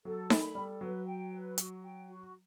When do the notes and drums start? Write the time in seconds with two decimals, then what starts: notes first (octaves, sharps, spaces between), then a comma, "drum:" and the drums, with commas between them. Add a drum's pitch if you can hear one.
0.05 F#3 A4
0.30 A3 B5, drum: snare D#4
0.55 G3 A4
0.81 F#3 B4
1.07 G5
1.32 B4
1.58 F#4, drum: hi-hat
1.83 G5
2.08 F#4